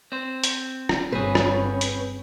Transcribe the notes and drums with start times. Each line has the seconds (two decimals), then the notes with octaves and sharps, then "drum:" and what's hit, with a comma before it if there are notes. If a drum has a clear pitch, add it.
0.12 C4 C5
0.44 drum: hi-hat
0.89 drum: rim click
1.12 G1 C4 C#4 G#4 B4
1.35 drum: rim click
1.81 drum: hi-hat